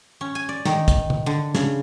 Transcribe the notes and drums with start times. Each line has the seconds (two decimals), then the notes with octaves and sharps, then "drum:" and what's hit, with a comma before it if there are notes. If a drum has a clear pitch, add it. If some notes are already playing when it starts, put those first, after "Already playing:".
0.21 C#4
0.35 G#5
0.49 D5
0.65 D#3, drum: snare
0.88 drum: kick, hi-hat
1.10 drum: tom C3
1.26 D3
1.55 C#3, drum: snare